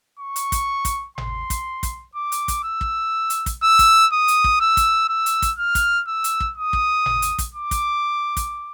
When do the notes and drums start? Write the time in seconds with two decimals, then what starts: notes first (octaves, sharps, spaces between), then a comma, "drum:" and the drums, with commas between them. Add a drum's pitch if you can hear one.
0.19 C#6
0.36 drum: hi-hat
0.52 drum: kick, hi-hat
0.85 drum: kick, hi-hat
1.18 C6, drum: tom G#1
1.50 drum: kick, hi-hat
1.83 drum: kick, hi-hat
2.15 D6
2.32 drum: hi-hat
2.48 drum: kick, hi-hat
2.64 E6
2.81 drum: kick
3.30 drum: hi-hat
3.46 drum: kick, hi-hat
3.63 E6
3.79 drum: kick, hi-hat
4.12 D#6
4.28 drum: hi-hat
4.44 drum: kick
4.60 E6
4.77 drum: kick, hi-hat
5.09 E6
5.26 drum: hi-hat
5.42 drum: kick, hi-hat
5.59 F6
5.75 drum: kick, hi-hat
6.08 E6
6.24 drum: hi-hat
6.40 drum: kick
6.57 D#6
6.73 drum: kick
7.06 drum: tom G#1
7.22 drum: hi-hat
7.38 drum: kick, hi-hat
7.54 D6
7.71 drum: kick, hi-hat
8.37 drum: kick, hi-hat